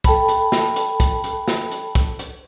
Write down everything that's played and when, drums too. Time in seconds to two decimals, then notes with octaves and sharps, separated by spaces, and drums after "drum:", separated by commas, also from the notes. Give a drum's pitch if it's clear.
0.04 A4 G5 A5 B5, drum: kick, hi-hat
0.28 drum: hi-hat
0.52 drum: snare
0.76 drum: hi-hat
1.00 drum: kick, hi-hat
1.24 drum: hi-hat
1.48 drum: snare
1.71 drum: hi-hat
1.95 drum: kick, hi-hat
2.19 drum: hi-hat